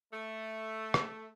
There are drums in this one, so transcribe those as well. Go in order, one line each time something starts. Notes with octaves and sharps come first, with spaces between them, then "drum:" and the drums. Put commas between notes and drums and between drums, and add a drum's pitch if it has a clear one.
A3
drum: rim click